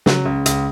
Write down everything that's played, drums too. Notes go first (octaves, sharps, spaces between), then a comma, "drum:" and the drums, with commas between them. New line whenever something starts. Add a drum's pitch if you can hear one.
C#3 F#3, drum: snare
C#2
C#2, drum: hi-hat